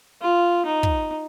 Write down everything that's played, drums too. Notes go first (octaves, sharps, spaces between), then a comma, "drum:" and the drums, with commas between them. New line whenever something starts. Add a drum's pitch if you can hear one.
F4
D#4
drum: kick